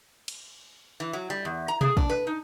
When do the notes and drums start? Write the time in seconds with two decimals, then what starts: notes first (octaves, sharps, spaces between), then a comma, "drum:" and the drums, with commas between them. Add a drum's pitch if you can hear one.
0.28 drum: cymbal
1.00 E3
1.13 F#3
1.30 G3
1.45 E2
1.68 A#5
1.81 G#4, drum: tom B2
1.97 D4, drum: kick
2.10 B4
2.27 D#4